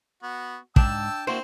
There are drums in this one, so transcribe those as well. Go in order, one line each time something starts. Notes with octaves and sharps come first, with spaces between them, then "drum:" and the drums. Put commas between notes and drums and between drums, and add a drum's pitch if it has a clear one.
B3 F#4
G#2 D4 G5 A5 E6, drum: kick
A#3 C4 E4 F#4 C5